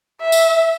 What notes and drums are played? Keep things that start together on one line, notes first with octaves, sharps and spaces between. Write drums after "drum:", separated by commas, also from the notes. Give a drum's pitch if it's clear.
E5
drum: tambourine